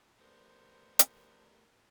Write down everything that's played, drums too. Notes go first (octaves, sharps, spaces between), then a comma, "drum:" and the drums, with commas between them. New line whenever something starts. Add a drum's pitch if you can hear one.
A3 B3 D4 G4 A4 A#4 C5
drum: hi-hat